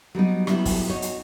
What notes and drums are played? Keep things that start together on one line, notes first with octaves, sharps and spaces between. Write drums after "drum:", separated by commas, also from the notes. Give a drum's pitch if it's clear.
F#3 G3 B3 D#4
F#3 G3 B3 E4 F#4 G4, drum: rim click
drum: kick, open hi-hat
D#4 F#4 C#5
drum: hi-hat